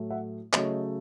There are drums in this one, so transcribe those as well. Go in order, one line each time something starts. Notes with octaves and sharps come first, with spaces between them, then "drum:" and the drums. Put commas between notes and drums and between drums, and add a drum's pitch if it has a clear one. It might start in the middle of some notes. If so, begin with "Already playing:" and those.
Already playing: A2 F#3 A3
E5 F#5
C#3 F#3 A3 C#5 D#5, drum: clap